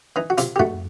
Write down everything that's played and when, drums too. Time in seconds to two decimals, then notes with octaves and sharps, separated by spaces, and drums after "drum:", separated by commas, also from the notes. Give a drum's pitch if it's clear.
0.16 E3 D#4
0.30 F#4
0.38 C3 F4, drum: hi-hat
0.56 G4
0.59 A3 F#4, drum: tom